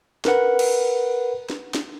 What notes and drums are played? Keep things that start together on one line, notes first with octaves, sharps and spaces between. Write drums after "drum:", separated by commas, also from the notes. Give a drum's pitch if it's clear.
A#4 B4 F#5, drum: snare
drum: cymbal
drum: snare
drum: snare